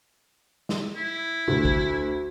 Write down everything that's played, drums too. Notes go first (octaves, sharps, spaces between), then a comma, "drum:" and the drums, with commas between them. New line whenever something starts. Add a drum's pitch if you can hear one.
drum: snare
E4
D2, drum: tom C3
drum: kick